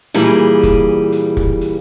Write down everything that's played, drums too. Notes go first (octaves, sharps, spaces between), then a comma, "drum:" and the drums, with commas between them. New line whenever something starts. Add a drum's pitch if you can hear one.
A#2 E3 G3 G#4, drum: hi-hat
drum: kick, hi-hat
drum: hi-hat
drum: kick
drum: hi-hat